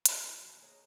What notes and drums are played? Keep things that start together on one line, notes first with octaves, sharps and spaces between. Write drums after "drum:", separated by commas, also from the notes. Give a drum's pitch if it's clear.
A#3 D4, drum: hi-hat
F3 D#4 E4
D2 F#5
D#2 E3 A5
G#4 C#5 D#5 A#5